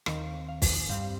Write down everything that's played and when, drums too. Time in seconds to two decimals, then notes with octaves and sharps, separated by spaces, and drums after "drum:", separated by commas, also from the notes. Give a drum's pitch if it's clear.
0.06 D#2 D#3 C4 F5, drum: rim click
0.48 F5
0.62 drum: kick, open hi-hat
0.89 G2 G3 C4 F5